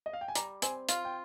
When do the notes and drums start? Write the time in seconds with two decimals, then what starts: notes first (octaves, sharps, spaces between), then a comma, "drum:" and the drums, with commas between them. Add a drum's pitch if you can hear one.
0.06 D#5
0.13 F5
0.21 G5
0.28 G#5
0.35 G3 A#5, drum: hi-hat
0.62 C4 G#5, drum: hi-hat
0.89 F4 F5, drum: hi-hat
1.05 G5